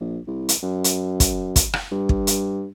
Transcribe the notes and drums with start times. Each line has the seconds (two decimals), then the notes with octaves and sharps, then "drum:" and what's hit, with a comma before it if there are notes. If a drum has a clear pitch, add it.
0.01 A#1
0.27 C2
0.49 drum: hi-hat
0.63 F#2
0.84 drum: hi-hat
1.20 drum: kick, hi-hat
1.56 drum: kick, hi-hat
1.73 drum: rim click
1.91 G2
2.09 drum: kick
2.27 drum: hi-hat